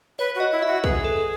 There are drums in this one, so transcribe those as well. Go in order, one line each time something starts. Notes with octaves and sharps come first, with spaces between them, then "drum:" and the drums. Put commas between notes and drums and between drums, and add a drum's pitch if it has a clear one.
B4 C#5
F#4 D#5
E4
F#4 E5
G#4 B4, drum: kick
A4